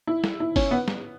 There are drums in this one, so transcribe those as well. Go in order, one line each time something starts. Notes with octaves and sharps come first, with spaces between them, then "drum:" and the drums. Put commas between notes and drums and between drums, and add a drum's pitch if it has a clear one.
E4
drum: snare
E4
C#4, drum: kick, open hi-hat
B3
drum: snare